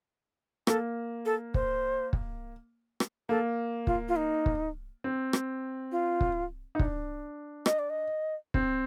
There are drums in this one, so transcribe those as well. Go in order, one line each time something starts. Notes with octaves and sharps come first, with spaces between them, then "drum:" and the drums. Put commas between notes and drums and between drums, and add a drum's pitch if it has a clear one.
A#3 A4, drum: rim click
A4
C5, drum: kick
drum: kick
drum: rim click
A#3 A4
F4, drum: kick
F4
D#4
drum: kick
C4
drum: rim click
F4
drum: kick
D#4
D4, drum: kick
D#5, drum: rim click
D5
D#5
C4, drum: kick